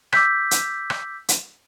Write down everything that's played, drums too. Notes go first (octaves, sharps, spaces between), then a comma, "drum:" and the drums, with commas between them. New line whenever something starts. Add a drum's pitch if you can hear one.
D6 E6 G6 B6, drum: rim click
drum: hi-hat
drum: rim click
drum: hi-hat